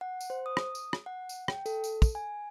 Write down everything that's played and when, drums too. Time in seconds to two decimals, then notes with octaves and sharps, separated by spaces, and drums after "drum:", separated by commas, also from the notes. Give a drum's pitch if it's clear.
0.01 F#5
0.21 drum: tambourine
0.30 C5
0.46 D#6
0.57 drum: rim click
0.75 drum: tambourine
0.93 drum: rim click
1.06 F#5
1.29 drum: tambourine
1.48 G5, drum: rim click
1.66 A4, drum: tambourine
1.84 drum: tambourine
2.02 drum: kick, tambourine
2.15 G#5